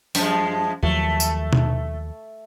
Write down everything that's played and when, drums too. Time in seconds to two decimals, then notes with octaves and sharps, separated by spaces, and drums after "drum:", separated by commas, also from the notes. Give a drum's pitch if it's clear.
0.15 F#2 F3 G#3, drum: open hi-hat
0.83 D#2 F3 F#3 A3
1.20 drum: tambourine
1.53 drum: tom B2